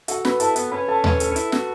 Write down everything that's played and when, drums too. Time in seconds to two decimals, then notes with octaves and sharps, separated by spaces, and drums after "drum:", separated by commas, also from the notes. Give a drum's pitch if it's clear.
0.08 F#4 A4 F#5, drum: hi-hat
0.25 B4 B5, drum: snare
0.40 E4 A4 A5, drum: hi-hat
0.56 B3, drum: hi-hat
0.72 C#4 B4 B5
0.88 A4 A5
1.04 C#4 B4, drum: tom D#2
1.20 A4, drum: hi-hat
1.31 C#4
1.36 E4, drum: hi-hat
1.52 F#4, drum: snare